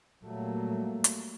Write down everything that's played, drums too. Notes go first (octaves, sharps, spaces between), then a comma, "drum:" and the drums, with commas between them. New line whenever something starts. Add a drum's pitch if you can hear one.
A#2 F#3 G3 A3 A#3
drum: hi-hat